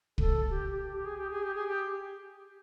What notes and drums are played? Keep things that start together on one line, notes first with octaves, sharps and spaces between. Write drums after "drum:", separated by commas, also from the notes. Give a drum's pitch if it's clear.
A4, drum: kick
G4
G4
G4
G#4
G4
G#4
G4
G#4
G4